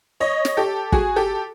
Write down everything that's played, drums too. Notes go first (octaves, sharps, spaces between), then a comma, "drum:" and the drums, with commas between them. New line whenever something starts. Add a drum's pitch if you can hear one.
C#5 D#5
drum: snare
G4 A4
F#4 G#4, drum: kick
G4 A4